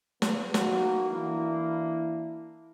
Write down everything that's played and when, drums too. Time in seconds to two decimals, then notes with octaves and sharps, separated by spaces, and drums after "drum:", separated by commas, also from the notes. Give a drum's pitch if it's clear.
0.22 F3 B3, drum: snare
0.54 F#3 A#3 B3 D#4 F#4, drum: snare
1.10 E3 A#3 D4 E4